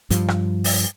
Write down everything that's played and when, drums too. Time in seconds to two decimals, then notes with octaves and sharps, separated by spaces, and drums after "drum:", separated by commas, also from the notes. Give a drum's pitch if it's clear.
0.10 G2 F3, drum: hi-hat
0.28 drum: rim click
0.64 drum: open hi-hat